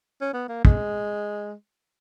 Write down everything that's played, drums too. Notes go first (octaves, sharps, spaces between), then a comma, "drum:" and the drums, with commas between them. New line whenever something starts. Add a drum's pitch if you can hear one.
C#4
B3
A#3
G#3, drum: kick